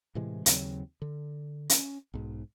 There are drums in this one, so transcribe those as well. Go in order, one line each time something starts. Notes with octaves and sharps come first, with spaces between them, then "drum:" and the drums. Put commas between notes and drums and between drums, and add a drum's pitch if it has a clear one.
A2 C3 E3 G#3
D#2 C#3 F#3 C4, drum: hi-hat
D3
C#4, drum: hi-hat
B1 G#2